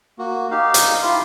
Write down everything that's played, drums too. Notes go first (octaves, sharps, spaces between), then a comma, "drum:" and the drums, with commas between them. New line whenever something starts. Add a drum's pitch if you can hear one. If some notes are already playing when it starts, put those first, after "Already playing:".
A#3 F#4
D#4 G4 F5
drum: hi-hat
E4 F4 G4 F5 C6